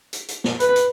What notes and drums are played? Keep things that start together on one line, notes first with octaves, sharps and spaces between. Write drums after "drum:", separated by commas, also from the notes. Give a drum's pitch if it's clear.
drum: hi-hat
drum: hi-hat
drum: snare
B4, drum: hi-hat
drum: hi-hat